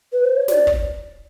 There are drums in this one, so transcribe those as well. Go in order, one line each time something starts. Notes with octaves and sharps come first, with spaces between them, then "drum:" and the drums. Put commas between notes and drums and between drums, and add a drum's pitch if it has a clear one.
B4
C5
C#5
D5, drum: snare
drum: kick